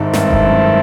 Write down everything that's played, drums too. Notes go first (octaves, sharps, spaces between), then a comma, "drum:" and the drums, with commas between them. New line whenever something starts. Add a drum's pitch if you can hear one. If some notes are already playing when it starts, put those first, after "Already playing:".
Already playing: G#1 G#2 D#3 G#3 C4 E4 A4
G2, drum: snare
drum: kick F#1
F#2